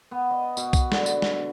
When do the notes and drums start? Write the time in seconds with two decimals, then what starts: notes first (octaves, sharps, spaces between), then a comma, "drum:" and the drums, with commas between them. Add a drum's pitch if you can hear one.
0.11 B3
0.31 D#5
0.57 B2, drum: tambourine
0.73 drum: kick B1, tambourine
0.92 D3, drum: snare
1.06 drum: tambourine
1.22 drum: snare